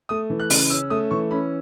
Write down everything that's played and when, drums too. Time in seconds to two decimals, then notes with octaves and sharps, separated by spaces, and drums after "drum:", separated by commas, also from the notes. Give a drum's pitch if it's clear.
0.09 A3 D#6
0.30 E3
0.40 F#6
0.50 C#3, drum: open hi-hat
0.70 C#4 E6
0.90 A3 D#6
1.11 E3 C#6
1.31 C#4 B5